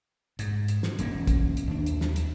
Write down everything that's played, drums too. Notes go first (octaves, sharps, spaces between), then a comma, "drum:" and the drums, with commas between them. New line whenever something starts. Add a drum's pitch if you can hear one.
G#2, drum: hi-hat
drum: hi-hat
drum: snare
E1 A#3 C#4, drum: hi-hat
drum: kick, hi-hat
drum: hi-hat
D#2 D4
drum: hi-hat
drum: snare
drum: hi-hat